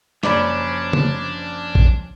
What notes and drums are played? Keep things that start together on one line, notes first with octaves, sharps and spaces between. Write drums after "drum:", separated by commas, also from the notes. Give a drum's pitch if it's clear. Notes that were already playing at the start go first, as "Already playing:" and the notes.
F#1 F3 C#4 D4 D5 B5 D6, drum: snare
drum: tom C#3
drum: kick